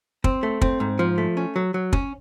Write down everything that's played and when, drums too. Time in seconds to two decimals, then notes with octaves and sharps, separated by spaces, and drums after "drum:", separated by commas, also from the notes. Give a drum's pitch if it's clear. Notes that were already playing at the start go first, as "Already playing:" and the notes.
0.24 C4, drum: kick
0.43 A3
0.61 C4, drum: kick
0.80 G#2
0.99 F3
1.18 A3
1.37 C#4
1.56 F#3
1.74 F#3
1.93 C#4, drum: kick